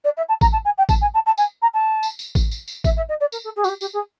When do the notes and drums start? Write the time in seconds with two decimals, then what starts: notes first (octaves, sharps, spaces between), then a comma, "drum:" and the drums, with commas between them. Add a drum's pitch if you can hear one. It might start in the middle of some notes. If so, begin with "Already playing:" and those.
0.04 D5
0.17 E5
0.29 A5
0.41 A#5, drum: kick, tambourine
0.52 A5
0.65 G#5
0.78 G5
0.89 A5, drum: kick, tambourine
1.01 G#5
1.14 A5
1.26 A5
1.38 G#5, drum: tambourine
1.62 A#5
1.74 A5
2.03 drum: tambourine
2.19 drum: tambourine
2.35 drum: kick, tambourine
2.51 drum: tambourine
2.68 drum: tambourine
2.84 E5, drum: kick, tambourine
2.97 E5
3.09 D#5
3.20 D5
3.32 A#4, drum: tambourine
3.44 A4
3.56 G#4
3.64 F#4, drum: tambourine
3.69 G4
3.81 G4, drum: tambourine
3.93 G#4